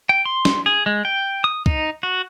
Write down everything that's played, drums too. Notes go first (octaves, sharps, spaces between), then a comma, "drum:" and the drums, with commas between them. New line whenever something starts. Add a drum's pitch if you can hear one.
G5
C6
drum: snare
G#4
G#3
G5
D#6
D#4, drum: kick
F#4